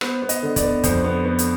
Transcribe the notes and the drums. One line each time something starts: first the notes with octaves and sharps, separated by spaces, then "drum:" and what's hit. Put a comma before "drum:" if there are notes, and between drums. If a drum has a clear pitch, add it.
B3 C5, drum: rim click
B3
D#5, drum: hi-hat
D3
D5, drum: kick, hi-hat
B3
F2 C5, drum: kick, hi-hat
B3
B3
drum: hi-hat